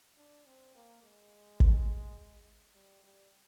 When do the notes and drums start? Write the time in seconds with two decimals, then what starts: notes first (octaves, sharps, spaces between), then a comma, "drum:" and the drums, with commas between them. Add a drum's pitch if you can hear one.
0.17 D4
0.46 C4
0.75 A#3
1.03 G#3
1.60 drum: kick
2.75 G3
3.04 G3